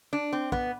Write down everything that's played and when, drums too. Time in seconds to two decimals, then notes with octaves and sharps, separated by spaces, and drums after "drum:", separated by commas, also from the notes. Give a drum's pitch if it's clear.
0.13 D4
0.33 C4
0.52 B3, drum: kick